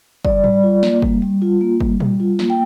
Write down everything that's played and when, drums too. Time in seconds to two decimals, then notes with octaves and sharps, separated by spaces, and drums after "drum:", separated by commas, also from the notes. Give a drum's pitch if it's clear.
0.25 G3 D5, drum: kick
0.44 G3, drum: tom G#2
0.63 F4
0.83 A#3, drum: snare
1.02 G3, drum: kick
1.22 G3
1.42 F4
1.61 A#3
1.80 G3, drum: kick
2.00 G3, drum: tom A#2
2.20 F4
2.39 A#3, drum: snare
2.50 G5